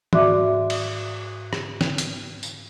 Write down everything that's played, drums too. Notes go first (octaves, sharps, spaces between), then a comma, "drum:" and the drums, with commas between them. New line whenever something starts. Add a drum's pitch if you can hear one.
G#2 F#4 D5 E5 D6, drum: tom
drum: cymbal
drum: rim click
drum: snare
drum: hi-hat
drum: tambourine